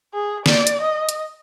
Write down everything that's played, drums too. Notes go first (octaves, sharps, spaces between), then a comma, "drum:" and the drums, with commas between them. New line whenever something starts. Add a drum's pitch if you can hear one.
G#4
D5, drum: snare
drum: hi-hat
D#5
drum: hi-hat